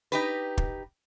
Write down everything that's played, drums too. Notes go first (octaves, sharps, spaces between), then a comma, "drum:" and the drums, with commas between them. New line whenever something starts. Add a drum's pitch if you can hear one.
D#4 G4 B4
drum: kick